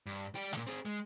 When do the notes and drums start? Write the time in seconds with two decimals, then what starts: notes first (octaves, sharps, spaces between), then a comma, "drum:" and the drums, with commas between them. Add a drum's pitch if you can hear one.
0.06 G2
0.35 G3 G5
0.53 A#2 D3, drum: hi-hat
0.67 C4 G#4
0.85 G#3